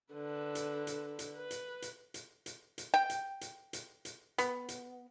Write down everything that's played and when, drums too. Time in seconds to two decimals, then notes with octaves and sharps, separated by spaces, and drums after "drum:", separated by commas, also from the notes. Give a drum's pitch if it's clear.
0.13 D3 B4
0.55 drum: hi-hat
0.87 drum: hi-hat
1.19 drum: hi-hat
1.36 B4
1.51 drum: hi-hat
1.82 drum: hi-hat
2.14 drum: hi-hat
2.46 drum: hi-hat
2.78 drum: hi-hat
2.94 G5
3.10 drum: hi-hat
3.41 drum: hi-hat
3.73 drum: hi-hat
4.05 drum: hi-hat
4.38 B3, drum: hi-hat
4.69 drum: hi-hat